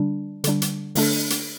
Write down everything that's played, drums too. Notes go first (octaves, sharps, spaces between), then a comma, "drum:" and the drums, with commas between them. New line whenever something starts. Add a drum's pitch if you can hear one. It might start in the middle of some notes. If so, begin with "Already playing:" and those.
Already playing: D3 G3 D4
D3 G3 D4, drum: hi-hat
drum: hi-hat
D3 A3 D4 A4, drum: open hi-hat
drum: hi-hat